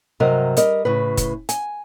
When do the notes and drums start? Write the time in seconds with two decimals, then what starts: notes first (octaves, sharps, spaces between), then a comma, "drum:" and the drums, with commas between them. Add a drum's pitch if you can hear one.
0.20 G2 C3 F#3 A#4 D#5
0.57 G3 A#4 D#5, drum: hi-hat
0.85 A2 C#3 B4
1.17 drum: kick F1, hi-hat
1.49 G#5, drum: hi-hat